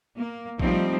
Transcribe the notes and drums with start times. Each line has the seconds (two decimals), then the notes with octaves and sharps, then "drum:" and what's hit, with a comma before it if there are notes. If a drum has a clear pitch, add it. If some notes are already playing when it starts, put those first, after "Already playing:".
0.16 A#3
0.59 F3 G3 A3 C4 D#4, drum: kick A#1